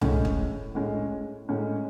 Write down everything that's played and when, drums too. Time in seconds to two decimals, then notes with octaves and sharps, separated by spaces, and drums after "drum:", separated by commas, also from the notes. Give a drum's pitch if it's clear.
0.01 A2 G#3 C#4, drum: tom C2
0.25 drum: kick
0.75 A2 G#3 C#4
1.49 A2 G#3 C#4